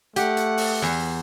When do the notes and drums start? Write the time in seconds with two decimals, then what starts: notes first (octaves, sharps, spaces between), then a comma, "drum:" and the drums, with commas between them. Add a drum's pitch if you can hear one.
0.16 A3 G4 F#5, drum: hi-hat
0.37 drum: hi-hat
0.57 drum: open hi-hat
0.82 E2